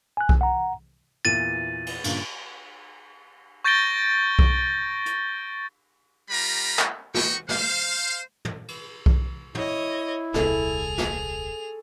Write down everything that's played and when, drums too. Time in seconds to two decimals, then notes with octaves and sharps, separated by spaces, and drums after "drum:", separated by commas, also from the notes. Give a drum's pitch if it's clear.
0.17 G#5 F#6
0.29 drum: kick B1
0.41 F#5 A#5
1.25 E2 A#2 E3 A6 D#7
1.87 drum: cymbal
2.04 G2 A#2 C#3, drum: cymbal
3.65 C#6 G6 A6 A#6 D7 G7
4.39 drum: kick B1
5.06 drum: hi-hat
6.29 G3 F4 G4 A#4 A#5 B5
6.79 drum: clap
7.14 D#4 F#4 G4 G5 C#6, drum: snare
7.49 C5 F5, drum: snare
8.45 drum: tom
8.68 drum: cymbal
9.06 drum: kick B1
9.55 E4 C#5 D#5, drum: tom
10.34 D#1 C2 G#4 A4 F7, drum: snare
10.98 drum: snare